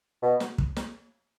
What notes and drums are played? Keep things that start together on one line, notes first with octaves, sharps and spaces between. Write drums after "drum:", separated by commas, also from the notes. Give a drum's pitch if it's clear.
B2
drum: snare
drum: kick
drum: snare